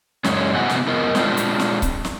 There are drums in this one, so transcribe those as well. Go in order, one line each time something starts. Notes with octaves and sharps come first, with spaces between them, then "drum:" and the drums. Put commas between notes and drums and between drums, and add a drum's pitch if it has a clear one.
F#2 G#3 C#4, drum: snare
C3 E3 B3 F#4 F#5 G#5
drum: snare
B3 F4 A#4 D#5
G#3 C4 D4 F4, drum: snare
drum: hi-hat
drum: snare
drum: kick C#1, hi-hat
drum: snare